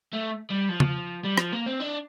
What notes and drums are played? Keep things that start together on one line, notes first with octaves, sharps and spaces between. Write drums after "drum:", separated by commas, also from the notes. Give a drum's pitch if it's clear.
A3
G3
F3
drum: tom C#3
G3
F3, drum: rim click
A#3
C4
D4